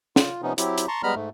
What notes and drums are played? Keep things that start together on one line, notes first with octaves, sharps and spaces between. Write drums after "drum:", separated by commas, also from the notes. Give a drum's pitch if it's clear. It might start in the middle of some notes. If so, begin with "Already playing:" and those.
F4, drum: snare
C3 F3 B3 C#4 D#4
F#3 C4 E4 G4, drum: hi-hat
drum: hi-hat
A5 A#5 C6 C#6
G3 G#3 B3 A#5 B5 F6
G#2 A3